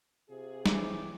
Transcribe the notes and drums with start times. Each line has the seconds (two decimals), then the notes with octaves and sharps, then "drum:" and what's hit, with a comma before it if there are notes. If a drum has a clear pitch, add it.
0.30 C3 F4 G#4
0.66 E3 C#5 G5 D6, drum: snare